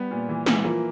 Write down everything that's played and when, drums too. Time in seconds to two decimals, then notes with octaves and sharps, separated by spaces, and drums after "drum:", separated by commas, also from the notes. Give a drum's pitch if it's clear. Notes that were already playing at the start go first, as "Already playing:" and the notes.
Already playing: G3 B3 G4
0.11 A#2
0.29 E3
0.46 E3, drum: snare
0.64 F3 A#3 F4